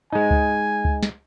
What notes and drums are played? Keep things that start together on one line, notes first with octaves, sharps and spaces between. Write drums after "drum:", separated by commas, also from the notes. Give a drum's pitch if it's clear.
G#3 D#4 G#5
drum: kick C#2
drum: kick C#2
drum: snare